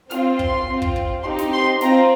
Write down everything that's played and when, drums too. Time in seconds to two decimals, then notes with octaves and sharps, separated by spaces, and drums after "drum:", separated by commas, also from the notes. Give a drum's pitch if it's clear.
0.11 C4 F4 F6, drum: snare
0.39 C6, drum: kick
0.67 C4 F4
0.82 drum: kick
0.96 drum: kick
1.24 C4 D#4 G4 C6
1.39 drum: snare
1.53 C6
1.81 C4 F4 A#5, drum: snare